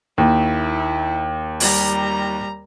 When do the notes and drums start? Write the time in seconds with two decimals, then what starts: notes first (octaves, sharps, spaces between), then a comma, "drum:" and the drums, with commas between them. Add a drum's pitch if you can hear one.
0.18 D#2 E4
1.60 G3 A#5, drum: open hi-hat